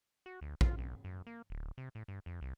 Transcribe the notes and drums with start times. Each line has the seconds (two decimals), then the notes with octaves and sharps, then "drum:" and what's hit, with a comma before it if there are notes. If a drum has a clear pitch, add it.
0.26 F#4
0.41 D2
0.61 F4, drum: kick A#1
0.78 B1
1.04 F#2
1.27 A#3
1.50 D1
1.78 C3
1.95 A2
2.08 G2
2.26 F2
2.41 C2